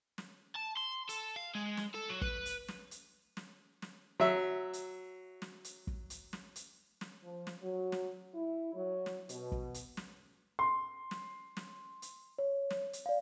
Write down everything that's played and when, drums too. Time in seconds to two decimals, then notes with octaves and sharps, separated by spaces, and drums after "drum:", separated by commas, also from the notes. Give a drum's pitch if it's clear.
0.18 drum: snare
0.55 A5
0.77 C6
1.09 A4, drum: hi-hat
1.36 F5
1.55 G#3
1.77 drum: snare
1.94 A4
2.09 F#3
2.21 B4, drum: kick
2.46 drum: hi-hat
2.68 drum: snare
2.91 drum: hi-hat
3.37 drum: snare
3.82 drum: snare
4.20 F#3 E5
4.73 drum: hi-hat
5.42 drum: snare
5.64 drum: hi-hat
5.87 drum: kick
6.10 drum: hi-hat
6.33 drum: snare
6.56 drum: hi-hat
7.01 drum: snare
7.23 F3
7.47 drum: snare
7.62 F#3
7.92 drum: snare
8.34 E4
8.74 F#3
9.06 drum: snare
9.29 B2, drum: hi-hat
9.52 drum: kick
9.74 drum: hi-hat
9.97 drum: snare
10.59 C6
11.11 drum: snare
11.57 drum: snare
12.02 drum: hi-hat
12.39 C#5
12.70 drum: snare
12.93 drum: hi-hat
13.06 D5 F5